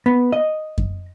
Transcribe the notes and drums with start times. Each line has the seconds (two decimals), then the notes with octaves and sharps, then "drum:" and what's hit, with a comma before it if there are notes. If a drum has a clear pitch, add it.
0.06 B3
0.32 D#5
0.78 drum: kick F#2